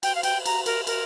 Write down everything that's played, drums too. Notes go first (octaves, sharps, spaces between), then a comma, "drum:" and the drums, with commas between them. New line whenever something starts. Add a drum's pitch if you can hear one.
G5, drum: cymbal
F5
G5, drum: cymbal
A#5, drum: cymbal
A#4, drum: cymbal
A#4, drum: cymbal